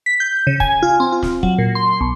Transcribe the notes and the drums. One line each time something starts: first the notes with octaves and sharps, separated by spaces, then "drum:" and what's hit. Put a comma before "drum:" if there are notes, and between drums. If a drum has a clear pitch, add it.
B6
G6
C#3
G#5, drum: kick
F4
C4
F4
drum: snare
F#3, drum: kick
A#2
C6
B1